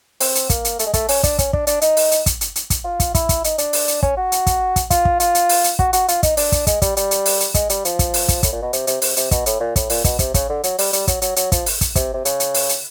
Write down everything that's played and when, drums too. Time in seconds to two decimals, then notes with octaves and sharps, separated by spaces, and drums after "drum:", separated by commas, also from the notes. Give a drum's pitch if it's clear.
0.21 C4, drum: open hi-hat
0.35 drum: hi-hat
0.50 A#3, drum: kick, hi-hat
0.65 drum: hi-hat
0.79 A3, drum: hi-hat
0.87 G#3
0.93 A3, drum: kick, hi-hat
1.09 C#4, drum: open hi-hat
1.23 D4, drum: kick, hi-hat
1.39 C#4, drum: kick, hi-hat
1.53 D4, drum: kick
1.67 D4, drum: hi-hat
1.81 D#4, drum: hi-hat
1.97 drum: open hi-hat
2.11 drum: hi-hat
2.26 drum: kick, hi-hat
2.41 drum: hi-hat
2.56 drum: hi-hat
2.70 drum: kick, hi-hat
2.85 F4
3.00 drum: kick, hi-hat
3.15 E4, drum: kick, hi-hat
3.29 drum: kick, hi-hat
3.44 D#4, drum: hi-hat
3.58 D4, drum: hi-hat
3.73 drum: open hi-hat
3.88 drum: hi-hat
4.03 C#4, drum: kick
4.17 F#4
4.32 drum: hi-hat
4.47 drum: kick, hi-hat
4.76 drum: kick, hi-hat
4.90 F4, drum: kick, hi-hat
5.05 drum: kick
5.20 F4, drum: hi-hat
5.35 drum: hi-hat
5.49 drum: open hi-hat
5.64 drum: hi-hat
5.79 F#4, drum: kick
5.93 F#4, drum: hi-hat
6.08 F4, drum: hi-hat
6.23 D#4, drum: kick, hi-hat
6.37 D4, drum: open hi-hat
6.52 drum: kick, hi-hat
6.67 G#3, drum: kick, hi-hat
6.82 G3, drum: kick, hi-hat
6.97 G3, drum: hi-hat
7.11 drum: hi-hat
7.26 drum: open hi-hat
7.40 drum: hi-hat
7.54 G#3, drum: kick, hi-hat
7.70 G3, drum: hi-hat
7.85 F3, drum: hi-hat
7.99 drum: kick, hi-hat
8.14 drum: open hi-hat
8.28 drum: kick, hi-hat
8.43 A2, drum: kick, hi-hat
8.52 A#2
8.62 B2
8.73 C3, drum: hi-hat
8.87 C3, drum: hi-hat
9.02 C3, drum: open hi-hat
9.17 C3, drum: hi-hat
9.31 B2, drum: kick, hi-hat
9.46 A2, drum: hi-hat
9.60 A#2
9.76 A2, drum: kick, hi-hat
9.90 A#2, drum: open hi-hat
10.04 B2, drum: kick, hi-hat
10.19 C3, drum: kick, hi-hat
10.34 C#3, drum: kick, hi-hat
10.49 D3
10.64 F#3, drum: hi-hat
10.79 G3, drum: open hi-hat
10.93 G3, drum: hi-hat
11.08 F#3, drum: kick, hi-hat
11.22 F#3, drum: hi-hat
11.36 F#3, drum: hi-hat
11.52 F3, drum: kick, hi-hat
11.66 drum: open hi-hat
11.81 drum: kick, hi-hat
11.95 C3, drum: kick, hi-hat
12.14 C3
12.25 C#3, drum: hi-hat
12.40 drum: hi-hat
12.54 drum: open hi-hat
12.69 drum: hi-hat